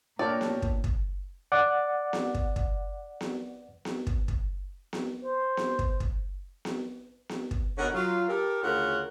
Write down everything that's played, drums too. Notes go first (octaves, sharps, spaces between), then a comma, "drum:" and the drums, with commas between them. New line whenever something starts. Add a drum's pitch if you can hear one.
A#2 D4 A4 A#4 C#5 D5 G5 A5
drum: snare B3
drum: kick
drum: kick
D5 F#5 D6
drum: snare B3
drum: kick
drum: kick
drum: snare B3
drum: snare B3
drum: kick
drum: kick
drum: snare B3
C5
drum: snare B3
drum: kick
drum: kick
drum: snare B3
drum: snare B3
drum: kick
B2 D3 D#4 A#4 C#5 F#5
F#3 F4
G4 A4 A#4
D2 C#3 F4 A#4 C#5 F#5